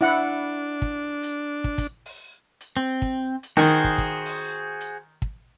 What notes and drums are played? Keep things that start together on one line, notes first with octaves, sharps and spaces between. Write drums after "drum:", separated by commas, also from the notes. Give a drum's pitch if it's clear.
D4 E4 F#5
drum: kick
drum: hi-hat
drum: kick
drum: kick, hi-hat
drum: open hi-hat
drum: hi-hat
C4
drum: kick
drum: hi-hat
D#3 F#4 G#4 C5
drum: kick
drum: kick, hi-hat
drum: open hi-hat
drum: hi-hat
drum: kick